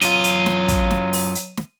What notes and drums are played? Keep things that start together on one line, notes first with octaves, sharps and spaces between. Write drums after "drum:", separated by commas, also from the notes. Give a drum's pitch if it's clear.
F#2 F#3 F4 D#7, drum: hi-hat
drum: hi-hat
drum: snare
drum: kick, hi-hat
drum: snare
drum: open hi-hat
drum: hi-hat
drum: snare